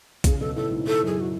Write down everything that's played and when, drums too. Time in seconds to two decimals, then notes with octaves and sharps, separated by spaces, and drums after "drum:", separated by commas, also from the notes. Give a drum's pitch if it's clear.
0.24 C#3 G#4, drum: kick B1, hi-hat
0.40 B2 A4
0.56 A2 A4
0.71 G#2
0.86 G#2 A4
1.02 F#2 G#4
1.20 F#4